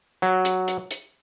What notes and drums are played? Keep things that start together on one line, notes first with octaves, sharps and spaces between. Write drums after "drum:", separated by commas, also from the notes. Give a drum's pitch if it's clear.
F#3
drum: hi-hat
drum: hi-hat
drum: hi-hat